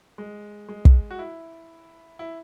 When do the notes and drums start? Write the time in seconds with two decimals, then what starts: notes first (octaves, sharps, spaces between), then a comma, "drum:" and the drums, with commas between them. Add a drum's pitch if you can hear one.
0.18 G#3
0.69 G#3
0.85 drum: kick
1.11 F#4
1.19 E4
2.19 E4